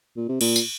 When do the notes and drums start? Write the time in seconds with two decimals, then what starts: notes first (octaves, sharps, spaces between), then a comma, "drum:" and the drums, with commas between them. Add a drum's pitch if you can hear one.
0.16 A#2
0.29 C3
0.41 A#2, drum: cymbal
0.56 drum: tambourine